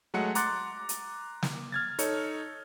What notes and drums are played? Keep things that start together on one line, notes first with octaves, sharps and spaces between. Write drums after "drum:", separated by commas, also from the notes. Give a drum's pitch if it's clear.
F#3 G#3 A3 F#5 C#7
A#5 C6 D6 F#6 A6, drum: hi-hat
drum: hi-hat
drum: snare
F6 G#6 A6
D#4 A4 C#5, drum: hi-hat